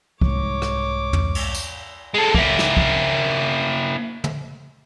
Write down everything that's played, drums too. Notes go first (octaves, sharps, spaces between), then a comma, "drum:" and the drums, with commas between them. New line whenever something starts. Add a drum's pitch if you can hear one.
C2 G#2 C#5 D6, drum: kick
drum: rim click
drum: tom
drum: cymbal
drum: tambourine
G#3 A4
A#3 E4, drum: kick
drum: snare
drum: kick
drum: tom